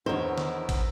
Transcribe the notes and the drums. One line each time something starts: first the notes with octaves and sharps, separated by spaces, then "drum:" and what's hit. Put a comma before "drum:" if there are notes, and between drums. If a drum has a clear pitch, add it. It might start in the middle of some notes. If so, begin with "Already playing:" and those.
E2 D#3 B3 D4 A#4 C5 C#5 E6
drum: snare
drum: kick, cymbal